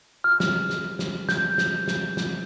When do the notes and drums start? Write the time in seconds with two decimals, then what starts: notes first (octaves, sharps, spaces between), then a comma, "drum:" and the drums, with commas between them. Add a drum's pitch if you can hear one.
0.24 F6
0.40 drum: snare
0.70 drum: snare
0.99 drum: snare
1.29 G6, drum: snare
1.58 drum: snare
1.88 drum: snare
2.17 drum: snare